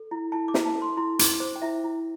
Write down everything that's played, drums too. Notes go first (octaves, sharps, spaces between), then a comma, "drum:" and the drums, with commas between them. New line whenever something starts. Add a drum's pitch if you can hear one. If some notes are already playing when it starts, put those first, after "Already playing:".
Already playing: A4
E4
E4 A5
D6
E4, drum: snare
A5
A4
C6
E4 C6
E4 D6, drum: hi-hat
C5 D6
G5
E4 E5
E4